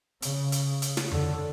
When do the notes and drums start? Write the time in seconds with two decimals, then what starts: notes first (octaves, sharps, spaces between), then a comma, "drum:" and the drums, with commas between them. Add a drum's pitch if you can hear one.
0.22 C#3, drum: hi-hat
0.52 drum: hi-hat
0.82 drum: hi-hat
0.97 drum: snare
1.11 D3, drum: tom F2